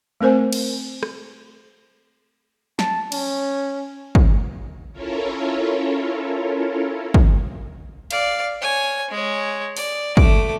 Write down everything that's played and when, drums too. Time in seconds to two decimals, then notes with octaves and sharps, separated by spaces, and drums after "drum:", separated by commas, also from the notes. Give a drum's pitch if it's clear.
0.21 A3 C4 A#4 C5 G#5
0.53 drum: cymbal
1.03 drum: rim click
2.79 A5, drum: snare
3.12 C#4, drum: cymbal
4.15 drum: kick
4.93 C#4 E4 F4 A4 A#4 C#5
7.14 drum: kick
8.11 D5 F5, drum: cymbal
8.61 C#5 G#5
9.10 G#3 C#5
9.77 D5, drum: open hi-hat
10.17 A3 D6, drum: kick